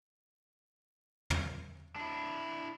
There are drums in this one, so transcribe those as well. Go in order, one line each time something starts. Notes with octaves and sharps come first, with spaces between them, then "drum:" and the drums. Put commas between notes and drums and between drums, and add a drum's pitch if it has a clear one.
drum: tom
D4 E4